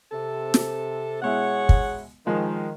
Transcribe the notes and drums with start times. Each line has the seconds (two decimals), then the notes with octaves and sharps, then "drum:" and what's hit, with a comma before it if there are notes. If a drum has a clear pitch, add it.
0.12 C3 A4
0.54 drum: snare
1.22 B2 G#3 E4 G#4 C#5 F#5
1.69 drum: kick
2.26 D#3 F3 G#3 F4